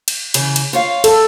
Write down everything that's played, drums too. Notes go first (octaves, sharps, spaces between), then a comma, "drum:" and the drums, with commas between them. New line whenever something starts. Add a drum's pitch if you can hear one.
drum: cymbal
C#3 E3, drum: cymbal
drum: cymbal
F4 C#5 F5
A4, drum: cymbal